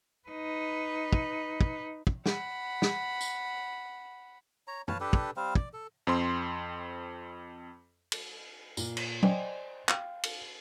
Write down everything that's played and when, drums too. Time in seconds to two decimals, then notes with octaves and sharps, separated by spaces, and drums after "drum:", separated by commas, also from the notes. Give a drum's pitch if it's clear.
0.29 D#4 B4
1.13 drum: kick
1.61 drum: kick
2.07 drum: kick
2.26 F#5 B5, drum: snare
2.82 drum: snare
3.21 drum: tambourine
4.67 C#5 A#5
4.88 B4 C#5 F5 A5, drum: tom F#2
5.00 D4 G4 A4 B4
5.13 drum: kick
5.37 G3 C4 C5 F5
5.55 D5, drum: kick
5.73 A4
6.07 F2 C4 C6
8.12 drum: cymbal
8.77 A#2, drum: tambourine
8.97 drum: cymbal
9.23 C5 D5 D#5 G5 G#5, drum: tom F#3
9.89 F5 G5, drum: clap
10.23 drum: cymbal